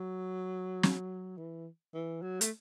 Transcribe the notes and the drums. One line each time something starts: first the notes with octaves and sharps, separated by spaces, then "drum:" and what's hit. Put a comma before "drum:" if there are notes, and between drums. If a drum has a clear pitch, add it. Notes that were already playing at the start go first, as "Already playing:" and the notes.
Already playing: F#3
drum: snare
E3
E3
F#3
A3, drum: hi-hat